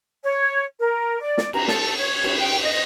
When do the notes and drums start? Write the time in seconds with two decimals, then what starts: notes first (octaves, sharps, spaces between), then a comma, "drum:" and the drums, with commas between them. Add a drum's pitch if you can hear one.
0.23 C#5
0.80 A#4
1.22 D5
1.38 drum: snare
1.53 A#5, drum: cymbal
1.68 A4, drum: snare
1.98 C#5
2.24 drum: cymbal
2.39 G5
2.62 D#5